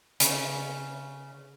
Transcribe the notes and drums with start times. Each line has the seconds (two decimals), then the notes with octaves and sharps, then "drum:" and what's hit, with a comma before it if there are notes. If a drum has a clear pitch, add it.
0.20 C#3, drum: hi-hat